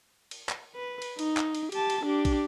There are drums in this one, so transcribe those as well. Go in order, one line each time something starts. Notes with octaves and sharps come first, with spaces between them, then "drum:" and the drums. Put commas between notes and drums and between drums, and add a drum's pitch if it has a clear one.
drum: cymbal
drum: clap
B4
drum: cymbal
D#4, drum: cymbal
drum: clap
drum: cymbal
G4 A5, drum: cymbal
drum: cymbal
D4 G4
drum: kick, cymbal